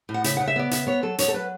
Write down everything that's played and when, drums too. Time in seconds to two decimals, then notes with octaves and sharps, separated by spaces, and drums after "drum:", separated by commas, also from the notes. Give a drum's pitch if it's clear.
0.09 A2
0.14 F#5
0.24 C#3 E5, drum: hi-hat
0.37 F#5
0.40 C#3
0.48 E5
0.56 B3 D5
0.71 C#3 E5, drum: hi-hat
0.87 B3 C#5
1.03 F#3 A4
1.18 F#3 C#5, drum: hi-hat
1.28 A4
1.34 F#3 B4